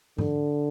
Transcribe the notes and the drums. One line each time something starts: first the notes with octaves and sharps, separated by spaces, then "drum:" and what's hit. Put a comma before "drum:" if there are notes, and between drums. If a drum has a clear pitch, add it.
D3, drum: tom G#2